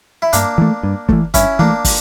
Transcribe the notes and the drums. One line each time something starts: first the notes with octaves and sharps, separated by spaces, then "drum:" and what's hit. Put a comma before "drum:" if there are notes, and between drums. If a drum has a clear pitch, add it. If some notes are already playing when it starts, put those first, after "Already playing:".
E4
G2 A#3 D4, drum: hi-hat
E3 A3
G2
E3 A3, drum: kick
G2 C#4 E4, drum: kick, hi-hat
E3 A3 A#3 D4
drum: kick, open hi-hat